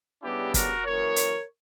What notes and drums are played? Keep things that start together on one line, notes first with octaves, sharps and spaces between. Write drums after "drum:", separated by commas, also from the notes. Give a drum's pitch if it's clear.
C#3 G3 B3 D4 E4 G4
F#4 A#4, drum: kick, hi-hat
F#2 E3 A#3 A#4 C#5
drum: hi-hat